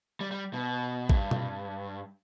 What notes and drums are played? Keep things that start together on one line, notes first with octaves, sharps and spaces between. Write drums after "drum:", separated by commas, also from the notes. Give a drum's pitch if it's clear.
G3
G3
B2
G2, drum: kick A1
drum: tom B2